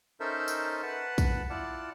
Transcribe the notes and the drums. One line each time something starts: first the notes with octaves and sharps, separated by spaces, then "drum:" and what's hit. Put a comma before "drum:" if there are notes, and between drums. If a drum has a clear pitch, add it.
C#4 D#4 A4 A#4 C5 E5
drum: tambourine
B4 F#5 A5
drum: kick, tambourine
E4 F4 D5 F#5 A5